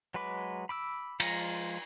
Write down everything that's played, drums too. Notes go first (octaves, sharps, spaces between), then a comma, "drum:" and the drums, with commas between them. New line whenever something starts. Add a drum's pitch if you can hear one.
F#3 G#3 B4 B5 D6
B5 D6 E6
F3 G#3 F4 A#5, drum: cymbal